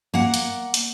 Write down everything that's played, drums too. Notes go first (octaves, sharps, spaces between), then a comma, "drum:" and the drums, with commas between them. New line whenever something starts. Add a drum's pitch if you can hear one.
A#3 F#5
drum: hi-hat
drum: hi-hat